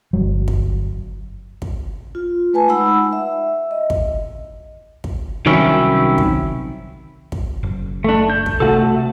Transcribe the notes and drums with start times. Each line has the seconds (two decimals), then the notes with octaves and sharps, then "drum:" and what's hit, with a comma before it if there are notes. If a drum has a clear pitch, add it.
0.13 G1 F#3
0.48 drum: kick
1.62 drum: kick
2.15 F4
2.53 A3 B4 G#5 A5
2.68 G#3 D#4 F#5 B5 E6
3.13 E5
3.71 D#5
3.90 drum: kick
5.04 drum: kick
5.46 C2 D#3 F#3 C4 C#4 E4
6.18 drum: kick
7.32 drum: kick
7.63 F#1
8.04 A3 D4
8.30 G6
8.46 drum: kick
8.60 C3 A3 F#4 A4